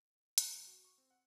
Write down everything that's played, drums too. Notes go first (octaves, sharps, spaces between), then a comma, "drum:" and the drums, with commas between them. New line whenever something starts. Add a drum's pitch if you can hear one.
B4, drum: hi-hat
G#1
F#4
C#6
C4
F#5